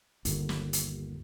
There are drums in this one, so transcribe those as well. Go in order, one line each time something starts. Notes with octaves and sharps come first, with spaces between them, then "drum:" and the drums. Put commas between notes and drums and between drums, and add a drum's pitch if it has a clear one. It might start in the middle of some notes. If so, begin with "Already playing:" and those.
G1 D#2, drum: hi-hat
drum: snare
drum: hi-hat